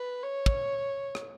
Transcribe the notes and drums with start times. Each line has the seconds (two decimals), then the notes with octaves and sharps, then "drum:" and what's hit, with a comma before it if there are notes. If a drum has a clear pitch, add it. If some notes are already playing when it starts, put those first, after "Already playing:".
Already playing: B4
0.23 C#5
0.46 drum: kick
1.15 drum: rim click